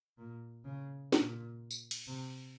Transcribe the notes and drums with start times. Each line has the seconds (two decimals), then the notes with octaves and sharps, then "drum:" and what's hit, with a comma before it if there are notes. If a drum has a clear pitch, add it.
0.18 A#2
0.64 C#3
1.12 A#2, drum: snare
1.71 drum: tambourine
1.91 drum: cymbal
2.07 C3